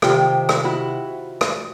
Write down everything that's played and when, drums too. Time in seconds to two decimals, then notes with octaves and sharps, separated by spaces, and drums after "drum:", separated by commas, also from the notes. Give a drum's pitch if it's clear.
0.02 C3 D#3 F4 G4, drum: rim click
0.49 drum: rim click
0.64 E4 F#4
1.41 drum: rim click